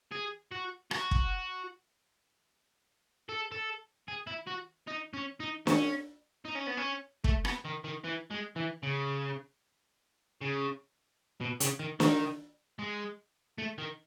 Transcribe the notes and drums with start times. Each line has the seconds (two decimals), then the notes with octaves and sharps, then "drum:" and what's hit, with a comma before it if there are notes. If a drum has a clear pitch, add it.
0.12 G#4
0.52 F#4
0.91 F#4, drum: rim click
1.11 drum: kick
3.29 A4
3.52 A4
4.08 G#4
4.27 E4
4.47 F#4
4.88 D#4
5.14 C#4
5.40 D#4
5.67 C#4, drum: snare
6.45 D#4
6.55 C#4
6.67 B3
6.77 C#4
7.24 A3, drum: kick
7.45 B3, drum: rim click
7.65 D#3
7.84 D#3
8.04 E3
8.31 G#3
8.56 E3
8.83 C#3
10.42 C#3
11.41 B2
11.60 C#3, drum: hi-hat
11.80 D#3
12.00 D#3, drum: snare
12.79 G#3
13.58 A3
13.78 D#3